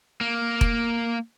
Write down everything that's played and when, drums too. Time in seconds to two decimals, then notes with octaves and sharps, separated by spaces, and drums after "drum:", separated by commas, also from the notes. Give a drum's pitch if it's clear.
0.21 A#3
0.61 drum: kick F1